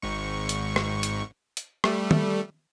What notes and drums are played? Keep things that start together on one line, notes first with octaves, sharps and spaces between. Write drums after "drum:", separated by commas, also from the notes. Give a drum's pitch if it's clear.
G#1 G#2 C#6
drum: hi-hat
drum: rim click
drum: hi-hat
drum: hi-hat
G3 A3, drum: rim click
drum: tom